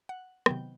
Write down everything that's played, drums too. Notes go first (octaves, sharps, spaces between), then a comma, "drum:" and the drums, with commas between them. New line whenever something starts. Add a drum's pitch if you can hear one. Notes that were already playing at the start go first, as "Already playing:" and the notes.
F#5
C3 D#3 F#3 B3 G5, drum: rim click